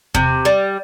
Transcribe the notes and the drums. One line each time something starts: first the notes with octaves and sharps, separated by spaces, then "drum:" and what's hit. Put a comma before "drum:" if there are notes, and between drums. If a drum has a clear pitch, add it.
C3, drum: kick E2
G3